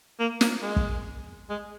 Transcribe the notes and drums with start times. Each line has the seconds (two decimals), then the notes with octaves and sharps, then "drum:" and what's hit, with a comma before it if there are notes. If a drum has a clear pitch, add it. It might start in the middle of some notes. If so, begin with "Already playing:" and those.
0.20 A#3
0.41 A#3, drum: snare
0.62 G#3
0.76 drum: kick
1.50 G#3